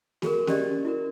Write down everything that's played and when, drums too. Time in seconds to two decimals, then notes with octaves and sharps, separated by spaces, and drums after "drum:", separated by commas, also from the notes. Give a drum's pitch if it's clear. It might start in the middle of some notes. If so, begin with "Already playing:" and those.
0.22 F#4 G#4 A#4, drum: snare A#3
0.47 C#4 G4 D5 D#5, drum: snare A#3
0.85 E4 F#4 A#4